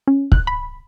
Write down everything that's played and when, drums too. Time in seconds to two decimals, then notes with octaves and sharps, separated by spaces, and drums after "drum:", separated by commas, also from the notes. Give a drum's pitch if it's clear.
0.08 C#4
0.32 F#6, drum: kick
0.47 B5